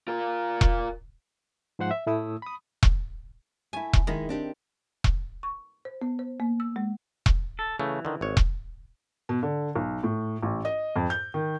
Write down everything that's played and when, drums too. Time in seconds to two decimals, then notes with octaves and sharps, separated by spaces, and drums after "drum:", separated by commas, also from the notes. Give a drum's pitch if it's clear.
0.08 F4 A#4
0.61 drum: kick E1
1.79 G#2 F3 C5 F#5 C6
1.91 E5
2.07 A2 A3 E4 D#6 E6
2.42 B5 D#6
2.83 drum: kick E1
3.73 A3 E4 G#5
3.93 drum: kick E1
4.07 D#3 G#3 D#4 E4
4.29 C4 D4 G4
5.04 drum: kick E1
5.43 C#6
5.85 C5
6.02 B3
6.19 C5
6.40 A#3
6.60 E6
6.76 G#3
7.26 drum: kick E1
7.59 A4
7.79 C#3 E3 A3
8.05 D3 D#3
8.21 G#1 C#5
8.37 drum: kick E1
9.29 B2
9.43 D3
9.76 B1
10.03 A2
10.42 A1
10.65 D#5
10.96 F2
11.10 G6
11.34 D#3